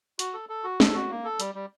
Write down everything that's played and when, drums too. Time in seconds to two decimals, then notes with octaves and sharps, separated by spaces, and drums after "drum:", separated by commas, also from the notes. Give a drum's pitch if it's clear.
0.19 F#4, drum: hi-hat
0.34 A4
0.49 A4
0.64 F#4
0.80 A4, drum: snare
0.94 F#4
1.10 A#3
1.25 A4
1.40 G3, drum: hi-hat
1.55 G3